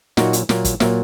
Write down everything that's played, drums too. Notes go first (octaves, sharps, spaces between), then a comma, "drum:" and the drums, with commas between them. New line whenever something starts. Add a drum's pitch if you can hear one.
A#2 F#3 A#3 D#4 F#4, drum: snare
drum: hi-hat
A#2 F#3 A#3, drum: snare
drum: kick, hi-hat
A#2 F#3 A#3 C#5 E5, drum: snare